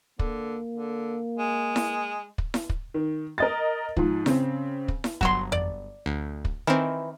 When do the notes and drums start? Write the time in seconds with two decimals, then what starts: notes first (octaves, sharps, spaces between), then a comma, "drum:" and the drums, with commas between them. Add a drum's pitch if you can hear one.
0.19 D3 A#3, drum: kick
0.74 D3
1.38 G#3
1.76 drum: snare E4
2.38 drum: kick
2.54 drum: snare E4
2.69 drum: kick
2.94 D#3
3.38 A#4 D#5 A6
3.97 G#2 F3, drum: kick
4.26 C#3 C4, drum: snare E4
4.88 drum: kick
5.04 drum: snare E4
5.21 G1 F#3 F#4 C6, drum: kick
5.52 D5, drum: tom F2
6.06 D2
6.45 drum: kick
6.67 D#3 E3 C4